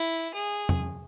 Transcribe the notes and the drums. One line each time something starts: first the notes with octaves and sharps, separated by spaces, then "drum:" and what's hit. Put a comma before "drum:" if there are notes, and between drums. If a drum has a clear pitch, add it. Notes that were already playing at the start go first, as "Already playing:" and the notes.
Already playing: E4
G#4
drum: tom